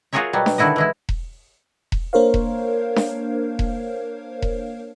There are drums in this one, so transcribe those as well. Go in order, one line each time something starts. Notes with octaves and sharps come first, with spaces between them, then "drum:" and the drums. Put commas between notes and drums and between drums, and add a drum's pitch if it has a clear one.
F4 F#4 G#4 A#4 C#5 E5
B2 F#3 G3
drum: snare D4
D3 D#3 E4 F#4 D#5
E3 G#3 E4
drum: kick E1
drum: kick E1
A#3 D4 A#4 C5 C#5 F5
drum: kick E1
drum: snare D4
drum: kick E1
drum: kick E1